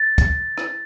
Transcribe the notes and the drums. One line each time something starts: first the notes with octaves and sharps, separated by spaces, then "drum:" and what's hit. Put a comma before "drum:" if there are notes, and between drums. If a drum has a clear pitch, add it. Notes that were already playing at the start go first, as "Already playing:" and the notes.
Already playing: A6
drum: kick, hi-hat
drum: rim click